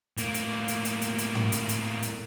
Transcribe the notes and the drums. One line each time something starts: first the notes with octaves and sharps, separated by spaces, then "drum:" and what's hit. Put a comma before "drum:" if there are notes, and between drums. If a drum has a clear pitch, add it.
A2 A#3, drum: hi-hat
drum: hi-hat
drum: hi-hat
drum: hi-hat
drum: hi-hat
drum: hi-hat
drum: tom G#2
drum: hi-hat
drum: hi-hat
drum: hi-hat